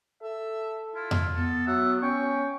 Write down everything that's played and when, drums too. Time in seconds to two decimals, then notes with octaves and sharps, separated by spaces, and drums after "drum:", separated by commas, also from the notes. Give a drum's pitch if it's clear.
0.23 A4 E5
0.95 E4 F4
1.11 drum: tom F2
1.35 B3 A4
1.67 F#3 E5 F#5
2.02 C#4 G5 C#6